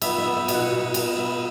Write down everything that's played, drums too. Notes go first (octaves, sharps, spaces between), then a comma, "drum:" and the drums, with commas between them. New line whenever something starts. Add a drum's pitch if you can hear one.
B3 E5, drum: cymbal
E5
B3
E5
B2, drum: cymbal
F#5
B2 F#5
B2, drum: cymbal
B3 E5